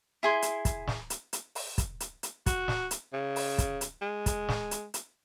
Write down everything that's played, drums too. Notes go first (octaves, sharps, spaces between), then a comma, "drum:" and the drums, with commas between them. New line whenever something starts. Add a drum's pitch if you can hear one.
E4 G#4 C6
drum: hi-hat
drum: kick, hi-hat
drum: snare
drum: hi-hat
drum: hi-hat
drum: open hi-hat
drum: kick, hi-hat
drum: hi-hat
drum: hi-hat
F#4, drum: kick, hi-hat
drum: snare
drum: hi-hat
C#3
drum: open hi-hat
drum: kick, hi-hat
drum: hi-hat
G#3
drum: kick, hi-hat
drum: snare
drum: hi-hat
drum: hi-hat